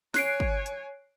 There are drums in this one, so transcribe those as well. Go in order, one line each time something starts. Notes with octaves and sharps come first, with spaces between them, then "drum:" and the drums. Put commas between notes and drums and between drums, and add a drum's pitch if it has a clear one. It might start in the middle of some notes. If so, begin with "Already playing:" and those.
C#5 G#5 F#6 C7 D7, drum: snare
drum: kick
drum: hi-hat